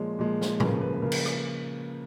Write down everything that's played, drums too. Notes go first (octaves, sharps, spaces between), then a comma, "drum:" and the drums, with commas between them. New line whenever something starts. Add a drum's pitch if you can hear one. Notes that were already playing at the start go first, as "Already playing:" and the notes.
Already playing: A#2 F3 G#3 C#5
A#2 F3 G#3
drum: snare
C#3 F3 A#3 B4, drum: tom A2
B4
B4
C#3 F3 A#3 A#4
drum: cymbal
drum: rim click